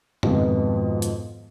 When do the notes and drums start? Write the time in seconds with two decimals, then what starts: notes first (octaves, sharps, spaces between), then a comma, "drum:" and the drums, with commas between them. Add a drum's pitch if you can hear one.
0.23 F2 G#2 B2 D#3 F3 B3, drum: tom
1.02 drum: hi-hat